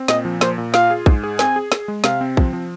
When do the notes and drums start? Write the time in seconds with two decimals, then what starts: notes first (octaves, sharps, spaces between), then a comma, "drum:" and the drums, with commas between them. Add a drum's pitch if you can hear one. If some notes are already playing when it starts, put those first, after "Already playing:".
Already playing: C4
0.08 A#2 D#5, drum: snare
0.25 F3
0.41 A#2 C5, drum: snare
0.58 A#2
0.74 F4 F5, drum: snare
0.90 G#4
1.06 G#2, drum: kick
1.24 G#4
1.39 C4 G#5, drum: snare
1.56 G#4
1.72 G#4, drum: snare
1.88 G#3
2.04 C3 F5, drum: snare
2.21 C4
2.37 F3, drum: kick
2.53 F3